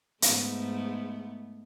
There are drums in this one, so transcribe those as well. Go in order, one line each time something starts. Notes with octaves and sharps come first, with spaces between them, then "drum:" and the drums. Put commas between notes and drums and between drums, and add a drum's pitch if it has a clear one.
G#2 A3 B3, drum: hi-hat